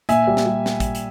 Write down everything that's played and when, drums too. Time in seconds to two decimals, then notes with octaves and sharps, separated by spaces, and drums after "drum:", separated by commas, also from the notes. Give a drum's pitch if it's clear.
0.09 A#2 E5 G#5, drum: hi-hat
0.27 G3
0.37 drum: snare
0.46 G3
0.66 drum: snare
0.80 drum: kick, hi-hat
0.95 drum: hi-hat